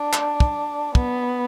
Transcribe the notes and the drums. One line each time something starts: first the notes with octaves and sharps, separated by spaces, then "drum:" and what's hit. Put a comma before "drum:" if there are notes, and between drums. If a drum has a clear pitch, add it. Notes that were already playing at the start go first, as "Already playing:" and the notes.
Already playing: D4
drum: clap
drum: kick
B3, drum: kick